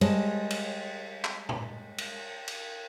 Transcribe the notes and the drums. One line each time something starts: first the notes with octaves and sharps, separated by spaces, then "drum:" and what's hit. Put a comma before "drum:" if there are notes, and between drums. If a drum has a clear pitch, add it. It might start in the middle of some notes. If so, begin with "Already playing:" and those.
G3 G#3 C5 C#5 A5, drum: cymbal
drum: cymbal
drum: clap
drum: tom A#2
drum: cymbal
drum: cymbal